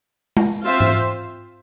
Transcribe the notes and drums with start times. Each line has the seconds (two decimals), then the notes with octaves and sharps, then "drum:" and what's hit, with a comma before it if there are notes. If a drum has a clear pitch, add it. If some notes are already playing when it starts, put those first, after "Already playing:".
0.37 drum: tom G#3
0.63 C4 F4 C5 E5
0.80 drum: tom G#2